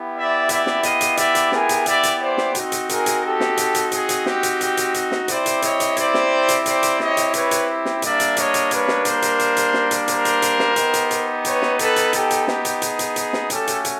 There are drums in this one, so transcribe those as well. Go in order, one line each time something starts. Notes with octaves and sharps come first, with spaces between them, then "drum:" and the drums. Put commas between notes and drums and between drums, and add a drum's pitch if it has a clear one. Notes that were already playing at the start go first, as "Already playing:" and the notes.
Already playing: B3 E4 G4
D5 E5
D5 E5, drum: hi-hat
drum: snare
D#5 F5, drum: hi-hat
drum: hi-hat
D5 E5, drum: hi-hat
drum: hi-hat
G#4 A#4, drum: snare
drum: hi-hat
D5 E5, drum: hi-hat
drum: hi-hat
C5 D5
drum: snare
C4 D#4 F#4, drum: hi-hat
drum: hi-hat
G#4 A#4, drum: hi-hat
drum: hi-hat
G4 A4
drum: snare
drum: hi-hat
drum: hi-hat
G#4, drum: hi-hat
drum: hi-hat
G4, drum: snare
drum: hi-hat
G4, drum: hi-hat
drum: hi-hat
drum: hi-hat
drum: snare
C4 E4 G4 C5 D5, drum: hi-hat
drum: hi-hat
C#5 D#5, drum: hi-hat
drum: hi-hat
C5 D5, drum: hi-hat
drum: snare
drum: hi-hat
C5 D5, drum: hi-hat
drum: hi-hat
C#5 D#5, drum: snare
drum: hi-hat
B4 C#5, drum: hi-hat
drum: hi-hat
drum: snare
G3 A#3 D4 D5 E5, drum: hi-hat
drum: hi-hat
C#5 D#5, drum: hi-hat
drum: hi-hat
B4 C#5, drum: hi-hat
drum: snare
A#4 C5, drum: hi-hat
drum: hi-hat
drum: hi-hat
drum: hi-hat
drum: snare
drum: hi-hat
A#4 C5, drum: hi-hat
drum: hi-hat
drum: hi-hat
drum: snare
B3 D#4 G4, drum: hi-hat
drum: hi-hat
drum: hi-hat
B4 C#5, drum: hi-hat
drum: snare
A4 B4, drum: hi-hat
drum: hi-hat
G4 A4, drum: hi-hat
drum: hi-hat
G4, drum: snare
drum: hi-hat
G#4, drum: hi-hat
drum: hi-hat
G#4, drum: hi-hat
drum: snare
A3 C#4 F#4 G4 A4, drum: hi-hat
drum: hi-hat
drum: hi-hat